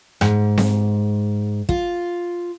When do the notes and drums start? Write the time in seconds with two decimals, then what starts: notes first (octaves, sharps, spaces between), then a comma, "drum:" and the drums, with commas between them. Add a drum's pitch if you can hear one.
0.21 G#2, drum: rim click
0.58 drum: snare C4
1.69 F4, drum: kick